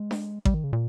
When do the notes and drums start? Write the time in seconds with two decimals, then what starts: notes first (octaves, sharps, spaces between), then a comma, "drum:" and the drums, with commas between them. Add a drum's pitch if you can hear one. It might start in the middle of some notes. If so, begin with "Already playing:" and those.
Already playing: G#3
0.11 drum: snare D4
0.45 G3, drum: kick A1
0.54 D#3
0.64 C#3
0.73 A#2